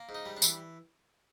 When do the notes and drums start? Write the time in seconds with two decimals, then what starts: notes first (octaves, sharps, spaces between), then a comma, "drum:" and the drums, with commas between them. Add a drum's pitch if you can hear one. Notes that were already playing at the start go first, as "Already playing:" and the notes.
Already playing: A#3
0.09 G#2
0.15 D#4
0.26 G3
0.37 D4
0.42 E3, drum: tambourine